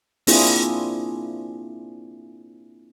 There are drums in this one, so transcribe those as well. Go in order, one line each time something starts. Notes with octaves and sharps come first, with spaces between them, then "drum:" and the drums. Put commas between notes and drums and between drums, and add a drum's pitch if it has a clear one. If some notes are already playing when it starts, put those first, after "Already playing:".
A#3 C4 D4 E4 F4 G#4, drum: open hi-hat